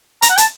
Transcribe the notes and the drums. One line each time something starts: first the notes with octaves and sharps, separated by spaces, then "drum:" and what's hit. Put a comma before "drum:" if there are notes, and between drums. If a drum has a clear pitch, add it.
A#5, drum: hi-hat
F#5
A5, drum: hi-hat